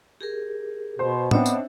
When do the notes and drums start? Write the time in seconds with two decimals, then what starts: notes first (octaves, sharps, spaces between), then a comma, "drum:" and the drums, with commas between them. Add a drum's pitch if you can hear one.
0.21 G4 G#4 A#4
0.99 B2 C5 C6
1.31 B3 C4 D4 D#4 C5 C#5 E5, drum: tom
1.46 drum: tambourine